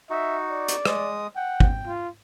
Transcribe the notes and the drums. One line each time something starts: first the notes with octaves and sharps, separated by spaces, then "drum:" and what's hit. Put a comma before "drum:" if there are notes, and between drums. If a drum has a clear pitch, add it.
D#4 F#4 E5
D5
drum: hi-hat
G#3 D#6, drum: rim click
F#5 G5
drum: kick
F4